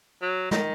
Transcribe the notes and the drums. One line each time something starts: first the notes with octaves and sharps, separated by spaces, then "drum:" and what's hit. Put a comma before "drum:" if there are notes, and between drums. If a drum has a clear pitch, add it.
F#3
D#3, drum: snare